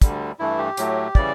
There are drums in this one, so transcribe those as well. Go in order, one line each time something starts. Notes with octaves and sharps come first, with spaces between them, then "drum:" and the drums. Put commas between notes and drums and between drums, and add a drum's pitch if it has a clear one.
D2 D3 G3, drum: kick, hi-hat
G2 E3 A3 E4
G4
A2 F#3 A3, drum: hi-hat
C#3 E3 G3 D5, drum: kick